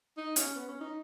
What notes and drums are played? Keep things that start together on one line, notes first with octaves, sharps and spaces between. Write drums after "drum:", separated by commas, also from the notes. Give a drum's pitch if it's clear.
D#4
C#4, drum: hi-hat
B3
C#4
D#4